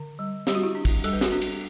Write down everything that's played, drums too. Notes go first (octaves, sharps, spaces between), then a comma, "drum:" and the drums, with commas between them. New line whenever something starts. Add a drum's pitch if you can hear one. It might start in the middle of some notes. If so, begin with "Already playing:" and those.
Already playing: D3
G3
G3 G4, drum: snare
F#4
E4 G4
D4
drum: kick, cymbal
G3 A4, drum: cymbal
B4
F#4 A4, drum: snare
D4 F#4 A4
drum: cymbal